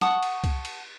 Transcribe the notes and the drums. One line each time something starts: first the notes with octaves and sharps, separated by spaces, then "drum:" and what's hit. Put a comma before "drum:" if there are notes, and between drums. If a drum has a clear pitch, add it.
F#5 A5 C#6 D#6, drum: snare
drum: cymbal
drum: kick C2, cymbal
drum: cymbal